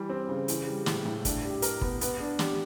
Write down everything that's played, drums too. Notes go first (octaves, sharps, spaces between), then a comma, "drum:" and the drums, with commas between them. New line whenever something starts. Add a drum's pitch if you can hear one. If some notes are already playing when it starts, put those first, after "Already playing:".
Already playing: E3 G3
C4
C#3
E3, drum: hi-hat
G3
A2, drum: snare
A2
D4, drum: kick, hi-hat
G4
A#4, drum: hi-hat
B3, drum: kick
B3, drum: hi-hat
D4
G4, drum: snare